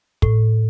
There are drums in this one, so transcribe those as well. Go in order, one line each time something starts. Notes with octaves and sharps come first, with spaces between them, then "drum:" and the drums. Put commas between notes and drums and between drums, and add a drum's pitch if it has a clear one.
A2, drum: kick